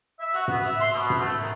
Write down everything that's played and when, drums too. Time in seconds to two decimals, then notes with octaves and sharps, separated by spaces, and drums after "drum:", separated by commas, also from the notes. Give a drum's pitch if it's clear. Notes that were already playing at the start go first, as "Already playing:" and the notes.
0.19 E5
0.34 F#4, drum: cymbal
0.48 B3, drum: tom
0.63 E5, drum: cymbal
0.80 C6, drum: cymbal
0.93 B2, drum: cymbal
1.10 drum: tom
1.19 A3
1.41 D#3